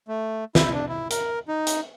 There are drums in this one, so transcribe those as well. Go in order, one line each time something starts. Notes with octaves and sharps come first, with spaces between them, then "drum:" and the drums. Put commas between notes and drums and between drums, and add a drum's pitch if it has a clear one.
A3
E4, drum: snare
D4
E4
A#4, drum: hi-hat
D#4
drum: hi-hat